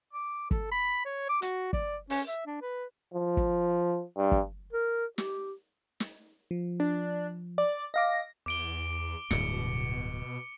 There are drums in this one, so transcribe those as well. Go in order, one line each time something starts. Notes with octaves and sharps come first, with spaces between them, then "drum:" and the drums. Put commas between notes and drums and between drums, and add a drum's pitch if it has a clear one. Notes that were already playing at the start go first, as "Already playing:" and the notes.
D6
A4, drum: kick
B5
C#5
D6
F#4, drum: hi-hat
D5, drum: kick
C#4, drum: open hi-hat
E5
D4
B4
F3
drum: kick
G2
drum: kick
A#4
G4, drum: snare
drum: snare
F3
D4
D5
D#5 F5 D6 A#6
E2 D6 D7 G7
D1 G2 B2 C#7, drum: snare